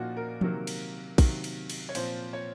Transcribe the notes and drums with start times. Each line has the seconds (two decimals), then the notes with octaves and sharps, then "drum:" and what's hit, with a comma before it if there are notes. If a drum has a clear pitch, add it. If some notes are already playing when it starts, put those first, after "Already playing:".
Already playing: A#2 F3 A#3 D#4 F#4
0.17 A#4
0.41 C3 D#3 F#3 A#3, drum: tom F3
0.67 drum: cymbal
1.18 C3 D#3 F#3 A#3, drum: kick, cymbal
1.44 drum: cymbal
1.70 drum: cymbal
1.89 C#5
1.95 A#2 F3 C4 C5, drum: cymbal
2.33 C#5